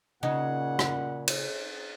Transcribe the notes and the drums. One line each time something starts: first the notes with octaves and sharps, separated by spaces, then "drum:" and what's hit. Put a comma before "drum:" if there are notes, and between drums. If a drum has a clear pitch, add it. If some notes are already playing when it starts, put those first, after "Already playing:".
A#2 C#3 D#4 F#5
drum: rim click
drum: cymbal